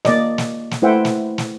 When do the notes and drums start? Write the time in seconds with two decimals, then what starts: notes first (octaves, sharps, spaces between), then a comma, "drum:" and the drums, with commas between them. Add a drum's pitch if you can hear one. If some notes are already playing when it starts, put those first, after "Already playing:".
0.05 A#3 D5 D#5, drum: snare
0.38 drum: snare
0.71 drum: snare
0.82 A3 E4 C5 E5 F#5 G5
1.05 drum: snare
1.38 drum: snare